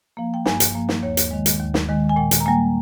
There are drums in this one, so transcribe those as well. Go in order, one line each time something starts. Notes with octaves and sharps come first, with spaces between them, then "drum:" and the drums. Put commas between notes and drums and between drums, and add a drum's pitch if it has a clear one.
F3 A#3
G5
G2 G#5, drum: snare
drum: hi-hat
F3 A#3
drum: snare
D#2 C#5
drum: hi-hat
D#3 G#3
drum: hi-hat
D#2
drum: snare
D#3 G#3
G#5
A#2 G5
drum: hi-hat
A#5
G3 A#3 G#5